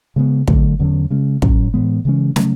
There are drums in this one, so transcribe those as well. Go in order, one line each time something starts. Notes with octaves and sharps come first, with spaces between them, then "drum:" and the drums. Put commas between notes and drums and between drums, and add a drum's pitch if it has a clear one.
C#3 G#3 B3
D3 F#3 A3, drum: kick
E2 D3 F#3 C#4
C#3 G#3 C#4
A2 F#3 C#4, drum: kick
A2 E3 G#3 B3
C#3 E3 G#3 C#4
C#3 F#3 A3 C#4, drum: snare